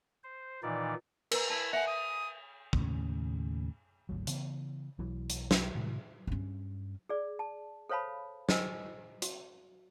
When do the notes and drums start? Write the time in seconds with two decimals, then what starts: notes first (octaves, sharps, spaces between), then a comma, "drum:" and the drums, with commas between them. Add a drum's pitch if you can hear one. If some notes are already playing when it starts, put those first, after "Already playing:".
0.23 C5
0.63 A#2 D#3 E3 D#4 D5
1.31 A#4 B4 A#5, drum: cymbal
1.50 E4 A5
1.73 E5 F#5 G#5
1.87 D#6
2.73 D#2 A2 C#3 C#4, drum: kick
4.09 G#1 D2 F#3
4.27 C#3 E3 B3, drum: hi-hat
4.99 B1 E3 F#3
5.30 drum: hi-hat
5.51 drum: snare
5.75 A2 C3 D#3 G#3
6.27 G2 C#4
7.09 G#4 D5
7.39 A5
7.89 A4 C5 C#5 F5 A5 B5
8.49 C5 D#5 G#5 E6, drum: snare
9.22 F#4, drum: hi-hat